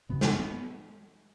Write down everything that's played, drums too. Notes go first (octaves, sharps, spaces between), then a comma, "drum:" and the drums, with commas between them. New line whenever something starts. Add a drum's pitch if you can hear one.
F#2 C#3 B3
drum: snare
B3